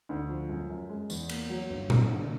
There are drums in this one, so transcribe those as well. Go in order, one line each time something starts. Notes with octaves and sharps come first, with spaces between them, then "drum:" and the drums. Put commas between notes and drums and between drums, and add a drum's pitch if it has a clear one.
D2
F3
F#2
F#2
G#3
E2, drum: tambourine
A#3, drum: cymbal
F#3
G1
G1, drum: tom A#2
D3